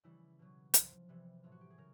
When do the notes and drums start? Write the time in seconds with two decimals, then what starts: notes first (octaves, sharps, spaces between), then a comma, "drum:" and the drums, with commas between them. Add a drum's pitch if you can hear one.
0.04 C#3 E3 G3 E4
0.39 B2 F#3
0.74 C3 F3, drum: hi-hat
1.09 C3 E3 G3
1.44 A2 F#3 F4
1.52 F#4
1.61 G4
1.70 G#4
1.78 C#3 A#4